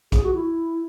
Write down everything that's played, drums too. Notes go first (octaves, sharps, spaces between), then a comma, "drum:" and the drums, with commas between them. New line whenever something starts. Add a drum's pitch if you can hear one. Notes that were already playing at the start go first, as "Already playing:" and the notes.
G#4, drum: kick B1, hi-hat
F#4
E4